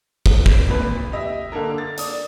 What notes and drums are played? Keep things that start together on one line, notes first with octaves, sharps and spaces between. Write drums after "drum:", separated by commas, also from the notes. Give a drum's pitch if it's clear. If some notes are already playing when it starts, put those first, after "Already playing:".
drum: kick
drum: kick
G#1 A#2 B4
G4 D#5 E5
D3 A#3 A4 A#4
A6
D5 D#6, drum: hi-hat